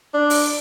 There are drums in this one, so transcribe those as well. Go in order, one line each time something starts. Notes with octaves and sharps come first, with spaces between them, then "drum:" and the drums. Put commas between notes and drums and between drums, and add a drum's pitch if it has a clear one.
D4
drum: open hi-hat